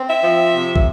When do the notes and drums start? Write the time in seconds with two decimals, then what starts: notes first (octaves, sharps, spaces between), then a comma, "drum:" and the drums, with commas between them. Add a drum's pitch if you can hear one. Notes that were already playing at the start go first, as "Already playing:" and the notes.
Already playing: C4
0.09 E5
0.24 F3
0.53 C3
0.76 drum: kick